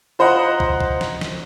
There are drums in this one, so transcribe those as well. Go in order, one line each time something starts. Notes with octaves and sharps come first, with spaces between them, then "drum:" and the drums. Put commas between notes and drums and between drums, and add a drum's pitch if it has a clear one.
F4 C5 D#5 F#5 A#5
drum: kick
drum: kick
drum: snare
drum: snare